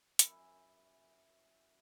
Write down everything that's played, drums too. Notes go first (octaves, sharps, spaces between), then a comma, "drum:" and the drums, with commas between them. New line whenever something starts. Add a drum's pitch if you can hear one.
F#2 E4 G#5, drum: hi-hat